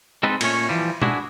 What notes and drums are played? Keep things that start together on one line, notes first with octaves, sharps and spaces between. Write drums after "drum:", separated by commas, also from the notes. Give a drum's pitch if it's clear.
G#3 C4 D#4 A4 B4
A#2 A3 C#4 C#5, drum: cymbal
E3 F3 G3
D4 E4 F#4 G#4, drum: tom